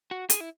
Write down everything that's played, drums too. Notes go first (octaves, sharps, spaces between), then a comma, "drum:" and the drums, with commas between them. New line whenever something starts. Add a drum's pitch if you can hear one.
F#4
G#4, drum: hi-hat
E4